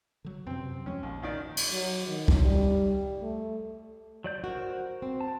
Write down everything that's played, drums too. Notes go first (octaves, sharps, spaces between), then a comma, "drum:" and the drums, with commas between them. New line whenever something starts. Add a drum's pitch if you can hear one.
D3 F#3
F#2 C3 C4
D#2 F3 G#3 C#4
A#1 D#2
D#2 D#3 D5
drum: cymbal
F#3, drum: open hi-hat
D#3
drum: kick
G3
A3
F#3 D5 G6
F#4 A#4 C5
C4
A5